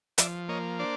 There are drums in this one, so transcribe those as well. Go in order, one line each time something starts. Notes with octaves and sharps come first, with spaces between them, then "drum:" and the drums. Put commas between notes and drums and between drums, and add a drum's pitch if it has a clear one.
F3 D5 E5, drum: hi-hat
A#3 C#5 D#5
D4 C5 D5